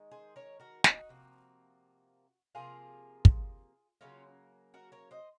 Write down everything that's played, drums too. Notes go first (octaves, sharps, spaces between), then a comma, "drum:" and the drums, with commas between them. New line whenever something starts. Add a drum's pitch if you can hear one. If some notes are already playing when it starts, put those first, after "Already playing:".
Already playing: D#3 G#3
G#4 C5
A#4 C#5
F#4 A#4
D#4 F#4, drum: snare
C3 F3 A#3
C3 F3 A#3 F4 G#4
drum: kick
C#3 F#3 A#3 C#4 F4
F#4 A#4
A#4 C#5
C5 D#5